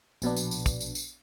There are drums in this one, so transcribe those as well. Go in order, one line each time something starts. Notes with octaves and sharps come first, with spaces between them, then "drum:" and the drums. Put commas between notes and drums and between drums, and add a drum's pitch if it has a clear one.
A#1 B2 B3 D4, drum: tambourine
drum: tambourine
drum: tambourine
drum: kick, tambourine
drum: tambourine
drum: tambourine